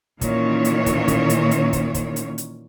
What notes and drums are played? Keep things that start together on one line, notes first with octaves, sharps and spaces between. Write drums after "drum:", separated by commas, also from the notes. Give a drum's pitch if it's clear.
A#2 D#3 E3 A#3 C#4 C#5, drum: kick, hi-hat
drum: hi-hat
drum: kick, hi-hat
drum: kick, hi-hat
drum: hi-hat
drum: hi-hat
drum: kick, hi-hat
drum: kick, hi-hat
drum: hi-hat
drum: hi-hat